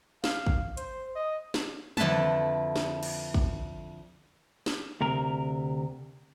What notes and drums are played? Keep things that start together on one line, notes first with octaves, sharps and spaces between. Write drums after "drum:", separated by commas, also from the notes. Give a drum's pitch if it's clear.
F5, drum: snare
drum: kick
C5, drum: hi-hat
D#5
drum: snare
F2 D3 E4 B4 A5, drum: tom
drum: snare
drum: cymbal
drum: kick
drum: snare
D2 C3 A#4